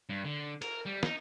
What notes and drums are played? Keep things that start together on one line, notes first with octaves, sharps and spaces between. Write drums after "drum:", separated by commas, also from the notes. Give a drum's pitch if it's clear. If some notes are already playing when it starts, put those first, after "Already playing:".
G2
D3
A#4, drum: cymbal
G3
D#4, drum: snare